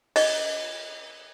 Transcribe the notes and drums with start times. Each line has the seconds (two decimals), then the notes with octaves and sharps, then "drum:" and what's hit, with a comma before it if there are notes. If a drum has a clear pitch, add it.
0.16 D#5, drum: open hi-hat